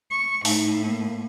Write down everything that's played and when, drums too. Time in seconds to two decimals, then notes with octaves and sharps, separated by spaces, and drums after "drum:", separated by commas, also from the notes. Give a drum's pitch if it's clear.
0.11 C#6
0.45 A2 D#4, drum: open hi-hat
0.85 A#3